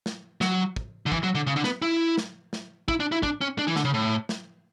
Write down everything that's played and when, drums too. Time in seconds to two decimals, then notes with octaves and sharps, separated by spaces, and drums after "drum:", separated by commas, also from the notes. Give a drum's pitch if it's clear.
0.06 drum: snare
0.41 F#3, drum: snare
0.76 drum: kick
1.06 D3
1.12 E3, drum: kick
1.23 F#3
1.35 D3
1.47 C#3
1.56 D3
1.64 B3, drum: snare
1.82 E4
2.18 drum: snare
2.53 drum: snare
2.88 E4, drum: kick
3.00 D4
3.12 E4
3.23 D4, drum: kick
3.41 C#4
3.59 D4
3.68 E3
3.76 D3, drum: snare
3.85 C#3
3.94 A2
4.29 drum: snare